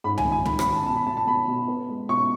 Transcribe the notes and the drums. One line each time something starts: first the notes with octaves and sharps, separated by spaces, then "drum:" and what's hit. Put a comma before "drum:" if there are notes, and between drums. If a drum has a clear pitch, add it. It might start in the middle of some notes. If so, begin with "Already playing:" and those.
G#2 B5
G#5, drum: tom
D#3
G#5
D#3 B5, drum: tom
B5, drum: rim click
D#3
A5
B2 A5
B5
B2 A5
A5
B2 B5
B2
B3
G#3
B2 C#6